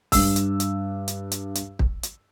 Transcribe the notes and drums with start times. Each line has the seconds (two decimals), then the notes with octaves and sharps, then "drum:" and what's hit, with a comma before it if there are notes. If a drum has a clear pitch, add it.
0.12 G2 E6, drum: kick, open hi-hat
0.36 drum: hi-hat
0.60 drum: hi-hat
1.08 drum: hi-hat
1.32 drum: hi-hat
1.55 drum: hi-hat
1.79 drum: kick
2.03 drum: hi-hat